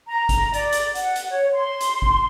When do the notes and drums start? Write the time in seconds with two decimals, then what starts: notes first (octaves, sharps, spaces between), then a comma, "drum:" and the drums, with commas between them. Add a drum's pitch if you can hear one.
0.07 A#5
0.29 drum: kick G1, hi-hat
0.53 D5, drum: hi-hat
0.72 drum: hi-hat
0.95 F#5, drum: hi-hat
1.16 drum: hi-hat
1.30 C#5
1.53 C6
1.80 drum: hi-hat
2.02 drum: kick G1